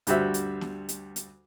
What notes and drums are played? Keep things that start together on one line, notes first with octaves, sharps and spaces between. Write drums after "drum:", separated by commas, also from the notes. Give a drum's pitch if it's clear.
D2 G2 G3 F#4 C5 E5, drum: hi-hat
drum: hi-hat
drum: snare
drum: hi-hat
drum: hi-hat